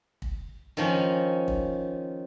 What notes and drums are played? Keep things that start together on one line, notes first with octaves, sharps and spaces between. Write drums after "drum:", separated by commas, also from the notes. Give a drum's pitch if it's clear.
drum: kick
D#3 F3 C#4
drum: kick